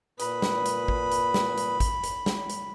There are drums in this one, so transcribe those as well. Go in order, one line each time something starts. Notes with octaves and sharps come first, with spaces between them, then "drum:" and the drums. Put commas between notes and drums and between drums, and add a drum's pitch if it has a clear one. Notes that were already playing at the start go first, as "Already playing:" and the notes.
A#2 B4 B5 D#6, drum: hi-hat
drum: snare
drum: hi-hat
drum: kick G#1
drum: hi-hat
drum: snare
drum: hi-hat
drum: kick G#1, hi-hat
drum: hi-hat
drum: snare
drum: hi-hat